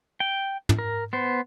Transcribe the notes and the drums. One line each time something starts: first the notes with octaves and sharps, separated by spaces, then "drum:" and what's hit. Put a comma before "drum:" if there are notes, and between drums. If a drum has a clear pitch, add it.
G5
drum: tom
A#4
B3 C5